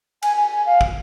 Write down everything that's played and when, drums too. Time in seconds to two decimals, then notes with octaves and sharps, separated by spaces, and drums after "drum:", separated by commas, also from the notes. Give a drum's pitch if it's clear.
0.23 G#5, drum: cymbal
0.37 G#5
0.51 G#5
0.66 F5
0.81 drum: kick